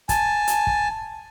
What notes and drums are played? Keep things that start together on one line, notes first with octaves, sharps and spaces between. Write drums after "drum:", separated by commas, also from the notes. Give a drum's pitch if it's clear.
G#5 A5, drum: kick, hi-hat
drum: hi-hat
drum: kick